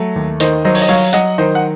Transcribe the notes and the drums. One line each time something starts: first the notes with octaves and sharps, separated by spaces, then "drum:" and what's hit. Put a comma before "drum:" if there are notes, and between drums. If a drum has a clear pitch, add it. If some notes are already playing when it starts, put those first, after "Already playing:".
Already playing: F#3 A3
D#2
D#3 C5 D#5, drum: hi-hat
F#3 C5 D#5
C#5, drum: open hi-hat
D#5
F#3 C#5 F5
F#3 D#5 F#5, drum: hi-hat
D#3 C5 D#5
F#5